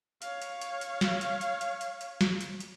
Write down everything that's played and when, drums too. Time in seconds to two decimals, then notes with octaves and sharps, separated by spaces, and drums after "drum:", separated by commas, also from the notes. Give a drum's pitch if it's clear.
0.22 C#5 F5, drum: hi-hat
0.42 drum: hi-hat
0.61 drum: hi-hat
0.81 drum: hi-hat
1.01 drum: snare
1.21 drum: hi-hat
1.41 drum: hi-hat
1.61 drum: hi-hat
1.81 drum: hi-hat
2.01 drum: hi-hat
2.21 drum: snare
2.41 drum: hi-hat
2.60 drum: hi-hat